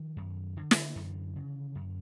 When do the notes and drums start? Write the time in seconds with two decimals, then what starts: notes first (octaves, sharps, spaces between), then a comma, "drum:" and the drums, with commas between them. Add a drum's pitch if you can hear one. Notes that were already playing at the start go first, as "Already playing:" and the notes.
Already playing: D#3 F3
0.17 F#2
0.57 D3
0.71 drum: snare
0.96 F#2 D3 E3
1.36 C#3
1.75 F#2